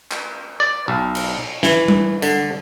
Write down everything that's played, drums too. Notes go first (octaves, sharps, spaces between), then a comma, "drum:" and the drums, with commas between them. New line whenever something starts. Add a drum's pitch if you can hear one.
drum: clap
D5
B1
drum: cymbal
E3, drum: snare
drum: tom G3
D3, drum: tambourine